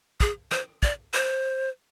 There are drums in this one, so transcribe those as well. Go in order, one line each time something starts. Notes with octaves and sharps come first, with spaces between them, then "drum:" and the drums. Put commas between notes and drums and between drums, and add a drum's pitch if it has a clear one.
G#4, drum: kick
C5, drum: rim click
D5, drum: kick
C5